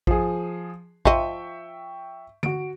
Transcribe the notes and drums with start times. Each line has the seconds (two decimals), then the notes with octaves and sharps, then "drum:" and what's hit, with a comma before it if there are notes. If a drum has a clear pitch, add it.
0.07 F3 G#4, drum: kick A1
1.05 F3 D#5 E5 G5 C#6, drum: kick A1
2.43 F#4 D7, drum: tom D3